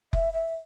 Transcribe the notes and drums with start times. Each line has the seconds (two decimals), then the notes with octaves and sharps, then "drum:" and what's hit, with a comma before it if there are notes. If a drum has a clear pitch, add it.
0.13 E5, drum: kick F1
0.33 E5